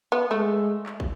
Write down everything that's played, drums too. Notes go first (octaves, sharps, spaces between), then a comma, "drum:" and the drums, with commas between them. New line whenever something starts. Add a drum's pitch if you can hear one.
B3
G#3 A3
drum: clap
drum: kick